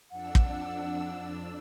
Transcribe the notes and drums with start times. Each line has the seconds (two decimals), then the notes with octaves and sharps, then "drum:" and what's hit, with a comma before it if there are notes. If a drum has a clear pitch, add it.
0.11 F2 D4 F#5 E6
0.35 drum: kick